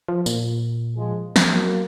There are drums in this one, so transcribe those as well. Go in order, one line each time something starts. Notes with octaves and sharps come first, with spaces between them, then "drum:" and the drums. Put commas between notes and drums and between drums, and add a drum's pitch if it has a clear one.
F3
A#2, drum: tambourine
F3 G#3
drum: snare
F#3 A#3